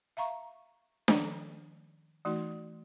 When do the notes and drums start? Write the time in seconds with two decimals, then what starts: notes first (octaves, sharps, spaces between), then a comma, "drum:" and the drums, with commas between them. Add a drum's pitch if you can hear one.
0.17 E5 F5 A#5 C#6
1.08 D#3 F3 C#4 A#5, drum: snare D4
2.25 E3 A3 D#4 F#4